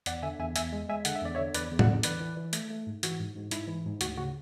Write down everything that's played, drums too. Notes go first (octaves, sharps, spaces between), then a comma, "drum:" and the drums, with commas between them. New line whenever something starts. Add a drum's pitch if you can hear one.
E2 D5 F#5, drum: hi-hat
D3 E5 G#5
E2 E5 G#5
E2 E5 G#5, drum: hi-hat
G#3
G#3 E5 G#5
D3 F#5, drum: hi-hat
E5
E2 D5
D3 C#5 E5
E2 B4 D5, drum: hi-hat
E2
D5 F#5, drum: tom A2
D3
E3 B4 D5, drum: hi-hat
E3
E3
A3, drum: hi-hat
A3
G#2
E3 F#4, drum: hi-hat
G#2
G#2
G#2 E4, drum: hi-hat
E3
G#2
D2 F#4, drum: hi-hat
C#3 F#4